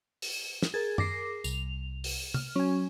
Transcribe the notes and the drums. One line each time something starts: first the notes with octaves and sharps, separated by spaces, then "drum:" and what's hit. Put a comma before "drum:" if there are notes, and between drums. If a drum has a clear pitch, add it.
drum: open hi-hat
drum: snare
G#4 A#4 G#6 A6
D6 A#6 C7, drum: tom F#2
C2 F7, drum: tambourine
drum: open hi-hat
F6, drum: tom C3
F#3 C#4 G#5